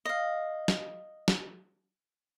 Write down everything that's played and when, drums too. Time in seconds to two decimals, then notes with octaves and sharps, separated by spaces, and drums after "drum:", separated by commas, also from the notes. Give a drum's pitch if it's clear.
0.05 D#5 F5
0.68 drum: snare
1.28 drum: snare